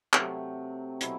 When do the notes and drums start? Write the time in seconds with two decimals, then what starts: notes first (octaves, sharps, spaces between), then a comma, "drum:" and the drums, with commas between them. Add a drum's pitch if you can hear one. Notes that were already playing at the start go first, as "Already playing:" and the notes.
0.13 C3 F#3 A3, drum: clap
1.01 B2 F#3 C4 E4, drum: hi-hat